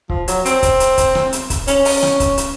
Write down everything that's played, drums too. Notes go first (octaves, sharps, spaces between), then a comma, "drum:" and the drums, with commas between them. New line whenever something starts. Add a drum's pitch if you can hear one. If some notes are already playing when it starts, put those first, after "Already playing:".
F3, drum: kick C#1
F#3, drum: hi-hat
C4, drum: hi-hat
drum: kick C#1, hi-hat
drum: hi-hat
drum: kick C#1, hi-hat
drum: rim click
drum: hi-hat
drum: kick C#1, hi-hat
C#4, drum: hi-hat
drum: open hi-hat
drum: rim click
drum: kick C#1, hi-hat
drum: hi-hat